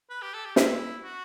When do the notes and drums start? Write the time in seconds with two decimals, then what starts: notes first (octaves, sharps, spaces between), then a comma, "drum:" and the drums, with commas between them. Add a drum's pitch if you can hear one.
0.10 B4
0.22 G4
0.34 A4
0.45 G4
0.56 E4, drum: snare
1.04 F#4